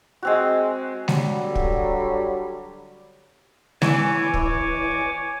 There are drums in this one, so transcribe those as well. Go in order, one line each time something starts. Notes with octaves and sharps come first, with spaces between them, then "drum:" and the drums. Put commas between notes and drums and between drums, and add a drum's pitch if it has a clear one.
G#3 C4 F#4
D3 F#3 G3, drum: snare G#3
drum: kick
E3 C#5 G#5 D6, drum: snare G#3
drum: kick